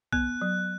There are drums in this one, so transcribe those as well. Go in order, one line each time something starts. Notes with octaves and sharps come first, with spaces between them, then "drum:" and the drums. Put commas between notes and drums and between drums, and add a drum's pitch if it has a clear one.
B3 F#6, drum: kick B1
F#3